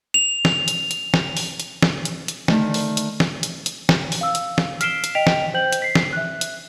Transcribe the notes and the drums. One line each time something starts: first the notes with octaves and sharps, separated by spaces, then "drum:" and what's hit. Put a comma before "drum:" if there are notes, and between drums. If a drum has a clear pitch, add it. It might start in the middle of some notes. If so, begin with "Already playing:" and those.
F7
drum: snare
drum: hi-hat
drum: hi-hat
drum: snare
drum: open hi-hat
drum: hi-hat
drum: snare
drum: hi-hat
drum: hi-hat
D3 D#3 A3, drum: snare
drum: open hi-hat
drum: hi-hat
drum: snare
drum: hi-hat
drum: hi-hat
drum: snare
drum: open hi-hat
F5 E6
drum: hi-hat
drum: snare
F6 B6 C7 D7 E7 G7, drum: hi-hat
drum: hi-hat
D#5 G5 B6 D7 F7
drum: snare
C5 G5 G6 F#7
drum: hi-hat
B6 C7
drum: snare
E5 F#6
drum: hi-hat